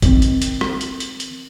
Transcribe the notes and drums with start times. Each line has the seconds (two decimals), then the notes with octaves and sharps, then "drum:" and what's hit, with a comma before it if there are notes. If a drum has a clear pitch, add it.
0.02 D#3 C4, drum: kick A#1, hi-hat
0.22 drum: hi-hat
0.42 drum: hi-hat
0.61 drum: rim click
0.81 drum: hi-hat
1.00 drum: hi-hat
1.20 drum: hi-hat